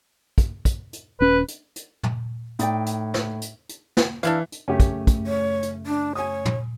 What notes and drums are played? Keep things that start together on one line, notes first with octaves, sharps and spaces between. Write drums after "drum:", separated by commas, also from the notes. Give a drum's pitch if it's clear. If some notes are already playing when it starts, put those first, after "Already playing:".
drum: kick, hi-hat
drum: kick, hi-hat
drum: hi-hat
D#1 C#4 B4
drum: hi-hat
drum: hi-hat
drum: tom
A2 D#4 D5 G5, drum: hi-hat
drum: hi-hat
drum: snare
drum: hi-hat
drum: hi-hat
drum: snare
E3 D4 E4 F5, drum: hi-hat
drum: hi-hat
F#2 C#3 A3 C#4 G4
drum: kick, hi-hat
drum: kick, hi-hat
C#5
drum: hi-hat
D4
C#5 G#5 D#6
drum: tom